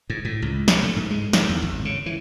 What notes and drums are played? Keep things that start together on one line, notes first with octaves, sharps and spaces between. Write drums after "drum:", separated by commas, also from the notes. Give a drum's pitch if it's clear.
G#2
A2
C#2
C3, drum: snare
A3
G#2
G#3
D#3, drum: snare
E2
G#1
C#3
E3